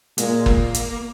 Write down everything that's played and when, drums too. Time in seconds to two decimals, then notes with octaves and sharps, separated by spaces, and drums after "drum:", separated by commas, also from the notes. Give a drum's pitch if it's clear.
0.18 A#2 G#3, drum: hi-hat
0.46 A#3, drum: kick G1
0.74 drum: hi-hat